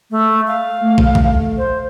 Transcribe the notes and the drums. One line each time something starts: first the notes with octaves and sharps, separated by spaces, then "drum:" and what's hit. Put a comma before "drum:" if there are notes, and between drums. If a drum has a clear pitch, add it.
A3
F5
A3
drum: kick
drum: kick
C5